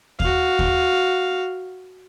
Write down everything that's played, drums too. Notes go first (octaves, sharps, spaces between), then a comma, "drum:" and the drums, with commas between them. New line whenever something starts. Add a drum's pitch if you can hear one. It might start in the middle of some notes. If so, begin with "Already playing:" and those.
F#4 F5, drum: kick D#2
drum: kick D#2